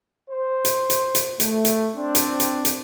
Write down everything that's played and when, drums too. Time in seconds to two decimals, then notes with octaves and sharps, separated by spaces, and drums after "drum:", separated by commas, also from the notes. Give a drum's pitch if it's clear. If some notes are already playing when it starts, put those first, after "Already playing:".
0.30 C5
0.65 drum: hi-hat
0.90 drum: hi-hat
1.15 drum: hi-hat
1.40 A3, drum: hi-hat
1.65 drum: hi-hat
1.96 C4 D4
2.15 drum: hi-hat
2.40 drum: hi-hat
2.65 drum: hi-hat